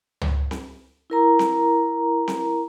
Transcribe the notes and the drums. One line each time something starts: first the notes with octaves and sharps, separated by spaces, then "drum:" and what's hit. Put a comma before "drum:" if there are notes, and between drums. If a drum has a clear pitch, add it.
drum: tom C#2
drum: snare C4
E4 A#4 A#5
drum: snare C4
drum: snare C4